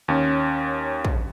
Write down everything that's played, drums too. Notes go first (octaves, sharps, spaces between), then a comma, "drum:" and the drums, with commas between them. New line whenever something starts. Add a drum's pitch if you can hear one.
D#2 C#4
drum: kick